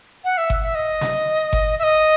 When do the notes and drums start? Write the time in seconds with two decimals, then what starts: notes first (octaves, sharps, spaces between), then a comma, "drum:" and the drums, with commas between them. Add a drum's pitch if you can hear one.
0.24 F#5
0.38 E5
0.50 drum: kick G1
0.62 E5
0.75 D#5
1.01 drum: snare
1.53 drum: kick G1
1.79 E5
1.83 D#5